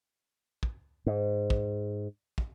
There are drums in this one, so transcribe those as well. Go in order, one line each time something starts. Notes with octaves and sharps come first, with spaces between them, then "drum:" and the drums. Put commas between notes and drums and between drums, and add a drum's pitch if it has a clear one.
drum: kick
G#2
drum: kick
drum: kick